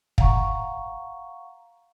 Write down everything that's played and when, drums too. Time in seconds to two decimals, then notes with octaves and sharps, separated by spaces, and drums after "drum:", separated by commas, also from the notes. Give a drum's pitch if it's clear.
0.18 F5 F#5 A#5 C#6, drum: kick